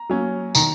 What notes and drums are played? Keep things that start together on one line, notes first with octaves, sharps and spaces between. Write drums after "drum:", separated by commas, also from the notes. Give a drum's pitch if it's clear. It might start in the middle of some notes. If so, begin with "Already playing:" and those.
Already playing: A#5
F#3 A#3 C#4
D#3 A#5, drum: tambourine